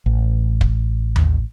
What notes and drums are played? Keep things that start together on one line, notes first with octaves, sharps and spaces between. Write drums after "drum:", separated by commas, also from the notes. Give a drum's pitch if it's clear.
A1
drum: kick
drum: tom D#2